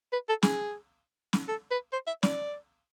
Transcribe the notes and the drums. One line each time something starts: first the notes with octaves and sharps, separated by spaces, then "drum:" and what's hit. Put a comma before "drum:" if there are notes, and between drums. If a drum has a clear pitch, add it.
B4
A4
G#4, drum: snare
drum: snare
A4
B4
C5
E5
D5, drum: snare